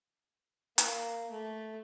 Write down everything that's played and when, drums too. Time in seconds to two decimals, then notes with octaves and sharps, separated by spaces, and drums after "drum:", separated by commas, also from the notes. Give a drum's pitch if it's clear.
0.78 A#3, drum: hi-hat
1.31 A3